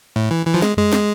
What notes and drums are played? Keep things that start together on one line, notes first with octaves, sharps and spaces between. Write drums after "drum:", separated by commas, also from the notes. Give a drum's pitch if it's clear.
A2
E3
E3
F3
G#3, drum: snare
G#3, drum: tom F2
drum: snare